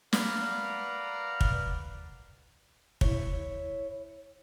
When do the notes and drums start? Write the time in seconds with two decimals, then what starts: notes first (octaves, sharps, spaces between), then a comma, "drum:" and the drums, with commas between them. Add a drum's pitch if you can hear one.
0.13 A#4 B4 D5 F5 F#5 A#5, drum: snare
1.41 drum: kick
3.01 E4 C#5, drum: kick